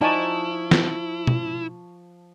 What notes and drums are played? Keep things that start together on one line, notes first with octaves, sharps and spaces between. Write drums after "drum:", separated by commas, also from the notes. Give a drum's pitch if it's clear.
F3 D#4 E4 D5 G#5 A5 C#6
drum: snare
drum: tom